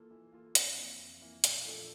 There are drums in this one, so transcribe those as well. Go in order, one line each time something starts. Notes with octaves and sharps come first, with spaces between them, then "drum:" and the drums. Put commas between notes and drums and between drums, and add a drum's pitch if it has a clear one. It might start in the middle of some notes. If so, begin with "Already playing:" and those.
Already playing: E3 A#3 F4 A4
E3
A#3 F4 A4
F2, drum: hi-hat
E3 A#3 E4
F2
E3 A#3 E4
A#2, drum: hi-hat
F3 A3 D4 A4